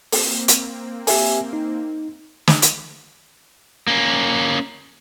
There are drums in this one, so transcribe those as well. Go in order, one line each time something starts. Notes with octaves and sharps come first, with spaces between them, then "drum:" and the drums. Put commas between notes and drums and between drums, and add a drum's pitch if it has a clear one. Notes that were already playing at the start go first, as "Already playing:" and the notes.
A#3 C4, drum: open hi-hat
drum: hi-hat
G4 E5 G#5, drum: open hi-hat
D#4
drum: snare
drum: hi-hat
A#3 C#4